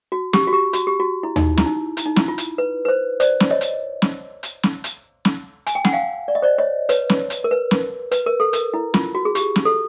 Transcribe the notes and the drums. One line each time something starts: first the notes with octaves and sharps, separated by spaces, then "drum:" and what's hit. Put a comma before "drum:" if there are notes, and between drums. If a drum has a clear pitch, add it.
F#4
G4, drum: snare
F#4
G4
F#4, drum: hi-hat
G4
F#4
E4
D#4, drum: tom D#2
E4, drum: snare
D#4
E4, drum: hi-hat
D#4
E4, drum: snare
F4
drum: hi-hat
B4
B4
C5
C5 D5, drum: hi-hat
drum: snare
C#5 D#5
drum: hi-hat
drum: snare
drum: hi-hat
drum: snare
drum: hi-hat
drum: snare
G#5, drum: hi-hat
G5
F#5, drum: snare
F5 G5
D5
D#5
C5 D5
C#5 D#5
B4 C#5, drum: hi-hat
drum: snare
drum: hi-hat
A#4
B4
drum: snare
B4, drum: hi-hat
A#4
A4
A#4, drum: hi-hat
E4
F4, drum: snare
F#4
G#4
G4, drum: hi-hat
drum: snare
A4